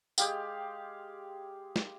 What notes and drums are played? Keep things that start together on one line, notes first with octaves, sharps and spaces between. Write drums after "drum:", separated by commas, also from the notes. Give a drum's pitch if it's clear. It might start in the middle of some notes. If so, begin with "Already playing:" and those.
G#3 G4 F5 G5, drum: tambourine
drum: snare